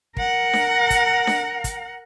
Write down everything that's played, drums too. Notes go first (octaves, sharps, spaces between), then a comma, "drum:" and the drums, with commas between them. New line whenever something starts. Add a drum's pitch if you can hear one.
A#4 F#5, drum: kick
drum: snare D4
drum: kick, hi-hat
drum: snare D4
drum: kick, hi-hat